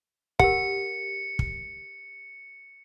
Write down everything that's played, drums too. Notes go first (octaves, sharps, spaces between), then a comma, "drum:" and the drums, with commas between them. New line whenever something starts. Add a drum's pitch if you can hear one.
G4 A#4 F#5 C#7, drum: kick
drum: kick